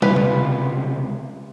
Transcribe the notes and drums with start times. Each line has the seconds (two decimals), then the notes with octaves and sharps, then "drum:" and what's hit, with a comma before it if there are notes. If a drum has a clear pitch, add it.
0.02 C#2 C3 F4 B4 B5, drum: tom
0.16 drum: tom